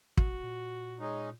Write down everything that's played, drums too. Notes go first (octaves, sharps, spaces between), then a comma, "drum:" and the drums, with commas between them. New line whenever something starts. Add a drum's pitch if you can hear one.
E1 F#4, drum: kick
A#2
G#3 C#4 D#4